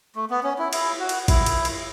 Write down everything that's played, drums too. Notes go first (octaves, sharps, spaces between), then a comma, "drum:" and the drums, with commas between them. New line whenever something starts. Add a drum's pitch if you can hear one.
A3
B3
C#4
E4
E4, drum: cymbal
F#4
drum: cymbal
E4, drum: kick A1, cymbal
drum: cymbal
drum: cymbal